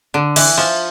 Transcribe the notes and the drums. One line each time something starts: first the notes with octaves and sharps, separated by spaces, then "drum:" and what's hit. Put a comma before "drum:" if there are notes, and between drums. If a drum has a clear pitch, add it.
D3
E3, drum: cymbal
F3